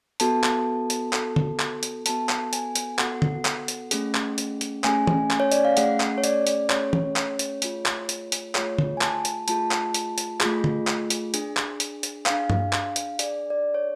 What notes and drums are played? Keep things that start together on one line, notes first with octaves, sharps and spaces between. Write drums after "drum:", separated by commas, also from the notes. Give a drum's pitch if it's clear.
B3 F#4 A4 A5, drum: hi-hat
drum: clap
drum: hi-hat
B3 F#4 A4, drum: clap
drum: tom D3
drum: clap
drum: hi-hat
B3 F#4 A4 A5, drum: hi-hat
drum: clap
G#5, drum: hi-hat
drum: hi-hat
B3 F#4 A4 F#5, drum: clap
drum: tom D3
drum: clap
drum: hi-hat
A3 C#4 G#4, drum: hi-hat
drum: clap
drum: hi-hat
drum: hi-hat
A3 C#4 G#4 G#5, drum: clap
drum: tom
drum: clap
C#5
D5, drum: hi-hat
F5
A3 C#4 G#4 F#5, drum: hi-hat
drum: clap
C#5
D5, drum: hi-hat
drum: hi-hat
A3 C#4 G#4 C#5, drum: clap
drum: tom
drum: clap
drum: hi-hat
A3 F4 G#4, drum: hi-hat
drum: clap
drum: hi-hat
drum: hi-hat
A3 F4 G#4 C#5, drum: clap
drum: tom D3
G#5
A5, drum: clap
drum: hi-hat
A3 F4 G#4 A5, drum: hi-hat
drum: clap
drum: hi-hat
drum: hi-hat
A3 F4 G#4, drum: clap
drum: tom D3
drum: clap
drum: hi-hat
D4 G#4, drum: hi-hat
drum: clap
drum: hi-hat
drum: hi-hat
D4 G#4 F5, drum: clap
drum: tom G2
drum: clap
drum: hi-hat
D4 G#4 D5, drum: hi-hat
D5
C#5